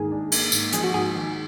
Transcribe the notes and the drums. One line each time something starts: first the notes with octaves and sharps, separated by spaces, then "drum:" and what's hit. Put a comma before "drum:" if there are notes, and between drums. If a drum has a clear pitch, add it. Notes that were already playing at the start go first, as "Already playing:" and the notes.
Already playing: G#2 D#3 A#3 G#4
D4
A#3, drum: cymbal
G#2, drum: tambourine
F3 G#4, drum: hi-hat
F#4
G#2 G#4
D#3